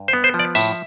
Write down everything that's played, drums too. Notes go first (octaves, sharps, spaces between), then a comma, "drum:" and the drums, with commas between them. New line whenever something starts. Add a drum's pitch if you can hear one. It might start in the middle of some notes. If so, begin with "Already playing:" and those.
Already playing: G2
C5
B3
C5
F3
D5
A2 E5, drum: tambourine